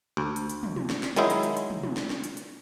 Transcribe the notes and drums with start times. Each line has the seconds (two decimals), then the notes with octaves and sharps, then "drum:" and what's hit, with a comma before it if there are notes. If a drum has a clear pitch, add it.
0.17 D2
0.36 drum: hi-hat
0.50 drum: hi-hat
0.63 drum: tom
0.76 drum: tom
0.90 drum: snare
1.03 drum: snare
1.16 D#3 F#3 G#3 D#4 E4, drum: hi-hat
1.30 drum: hi-hat
1.43 drum: hi-hat
1.57 drum: hi-hat
1.70 drum: tom
1.83 drum: tom
1.97 drum: snare
2.10 drum: snare
2.24 drum: hi-hat
2.37 drum: hi-hat